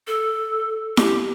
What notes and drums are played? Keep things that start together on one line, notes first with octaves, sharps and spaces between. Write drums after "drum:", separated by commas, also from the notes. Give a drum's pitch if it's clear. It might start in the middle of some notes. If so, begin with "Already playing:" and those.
A4
G4, drum: snare E4